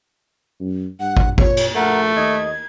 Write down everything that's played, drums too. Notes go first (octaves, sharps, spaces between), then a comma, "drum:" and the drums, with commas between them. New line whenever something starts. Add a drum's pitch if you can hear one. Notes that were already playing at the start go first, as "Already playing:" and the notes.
F#2
G2 F#5
drum: kick
A#2 C#5, drum: kick
drum: cymbal
A#1 A3 A#4 F#5
D#2 D#5 G#6